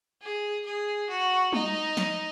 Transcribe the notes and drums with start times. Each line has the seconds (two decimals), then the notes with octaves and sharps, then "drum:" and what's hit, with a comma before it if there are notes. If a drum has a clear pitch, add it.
0.21 G#4
0.66 G#4
1.09 F#4
1.53 D#4, drum: tom G3
1.97 drum: snare